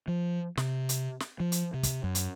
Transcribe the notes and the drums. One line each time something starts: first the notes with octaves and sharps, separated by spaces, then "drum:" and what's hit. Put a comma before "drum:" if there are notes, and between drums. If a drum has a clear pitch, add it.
F3
C3, drum: snare
drum: hi-hat
drum: snare
F3
drum: hi-hat
C3
drum: kick, hi-hat
F#2
drum: hi-hat